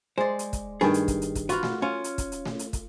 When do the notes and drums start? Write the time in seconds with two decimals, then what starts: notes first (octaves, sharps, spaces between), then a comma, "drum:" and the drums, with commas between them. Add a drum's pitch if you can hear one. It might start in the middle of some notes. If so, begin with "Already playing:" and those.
0.18 G#3 C5 D5
0.39 drum: hi-hat
0.53 drum: kick, hi-hat
0.81 G2 D#3 G#4, drum: snare A3
0.94 drum: hi-hat
1.08 drum: kick, hi-hat
1.22 drum: hi-hat
1.35 drum: kick, hi-hat
1.49 F4 F#4 B4 F5, drum: hi-hat
1.63 drum: snare A3
1.82 C#4 F4
2.04 drum: hi-hat
2.18 drum: kick, hi-hat
2.32 drum: hi-hat
2.46 drum: snare A3
2.59 drum: hi-hat
2.73 drum: kick, hi-hat